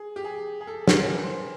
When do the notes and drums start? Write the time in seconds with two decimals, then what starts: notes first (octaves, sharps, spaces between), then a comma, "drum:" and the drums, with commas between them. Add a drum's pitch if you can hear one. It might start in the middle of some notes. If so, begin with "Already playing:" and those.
Already playing: G#4
0.16 G4
0.24 G#4
0.61 G#4
0.67 A4
0.88 drum: snare
1.04 A#4
1.13 B4
1.23 C5